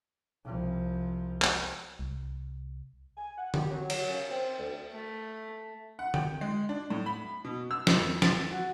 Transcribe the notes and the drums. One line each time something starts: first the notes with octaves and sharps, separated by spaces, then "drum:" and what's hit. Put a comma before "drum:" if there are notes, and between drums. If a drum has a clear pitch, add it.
C2 F3
drum: clap
C2
G#5
F#5
G4, drum: tom D3
F#3
F#3, drum: cymbal
C#3
C4
D2
A3
F#5
G5, drum: tom D3
G#3
D4
A2
B5
B2
E6
F2, drum: snare
A6, drum: snare
F#4